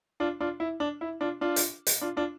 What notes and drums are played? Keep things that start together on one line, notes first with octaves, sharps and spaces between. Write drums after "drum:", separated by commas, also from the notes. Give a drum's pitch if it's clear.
D4 F4
D4 F4
E4
D4
E4
D4 F4
D4 F4
drum: hi-hat
drum: hi-hat
D4 F4
D4 F4